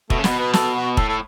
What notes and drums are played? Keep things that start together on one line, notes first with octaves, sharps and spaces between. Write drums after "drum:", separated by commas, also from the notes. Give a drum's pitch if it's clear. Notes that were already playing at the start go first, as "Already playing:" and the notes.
B2 A3, drum: kick
C#3
B2 B3, drum: snare
B4
A4, drum: snare
F#4
A2 A4, drum: kick
A4